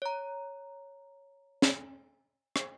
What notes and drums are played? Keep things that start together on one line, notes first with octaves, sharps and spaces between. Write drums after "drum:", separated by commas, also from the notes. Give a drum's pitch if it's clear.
C#5 A#5
drum: snare
drum: rim click